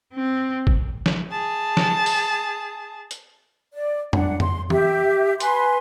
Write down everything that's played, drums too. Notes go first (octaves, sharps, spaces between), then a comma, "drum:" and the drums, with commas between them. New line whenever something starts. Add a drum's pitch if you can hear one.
C4
drum: kick
drum: snare
G#4 A5
drum: snare
drum: open hi-hat
drum: hi-hat
D5
D4 F#5, drum: tom
C6, drum: tom
G4 E5, drum: tom E3
B4 G#5 C6, drum: hi-hat